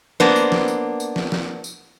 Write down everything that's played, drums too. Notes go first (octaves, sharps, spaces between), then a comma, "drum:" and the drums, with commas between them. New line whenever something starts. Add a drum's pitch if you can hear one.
A#3 B3 D4 C5, drum: snare
drum: tambourine
drum: snare
drum: tambourine
drum: tambourine
drum: snare
drum: snare
drum: tambourine